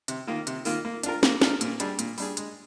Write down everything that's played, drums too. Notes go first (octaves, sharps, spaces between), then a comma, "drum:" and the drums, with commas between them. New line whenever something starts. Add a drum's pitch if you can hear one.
C3, drum: hi-hat
D#3 A#3 F4
C3, drum: hi-hat
D#3 A#3 F4, drum: open hi-hat
A#3
D4 F4 A#4, drum: hi-hat
A#3, drum: snare
D4 F4 A#4, drum: snare
A#2, drum: hi-hat
G3 D4 G#4, drum: hi-hat
A#2, drum: hi-hat
G3 D4 G#4, drum: open hi-hat
G#3, drum: hi-hat